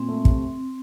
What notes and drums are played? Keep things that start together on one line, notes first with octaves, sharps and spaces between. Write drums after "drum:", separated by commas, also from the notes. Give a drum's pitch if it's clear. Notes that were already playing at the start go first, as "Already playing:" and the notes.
Already playing: A#2 C4
A3
C3, drum: kick